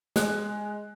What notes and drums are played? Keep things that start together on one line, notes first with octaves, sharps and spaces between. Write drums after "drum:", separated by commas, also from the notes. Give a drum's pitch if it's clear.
G#3 F#6, drum: snare